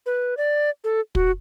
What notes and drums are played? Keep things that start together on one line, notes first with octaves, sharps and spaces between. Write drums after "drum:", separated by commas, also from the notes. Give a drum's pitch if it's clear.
B4
D5
A4
F#4, drum: kick